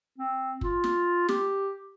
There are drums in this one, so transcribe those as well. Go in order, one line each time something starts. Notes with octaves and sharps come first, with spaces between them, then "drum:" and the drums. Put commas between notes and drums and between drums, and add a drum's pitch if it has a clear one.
C4
F4, drum: kick
drum: snare
G4, drum: snare